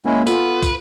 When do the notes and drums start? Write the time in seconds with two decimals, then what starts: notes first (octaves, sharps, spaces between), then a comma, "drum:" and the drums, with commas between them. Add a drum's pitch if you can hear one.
0.05 G#3 A#3 C#4 E4
0.27 B3 F4 A4 B4, drum: tambourine
0.63 drum: kick, tambourine